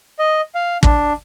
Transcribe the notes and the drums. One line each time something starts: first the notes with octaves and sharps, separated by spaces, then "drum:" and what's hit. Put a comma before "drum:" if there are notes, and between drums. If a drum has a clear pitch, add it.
D#5
F5
D4, drum: kick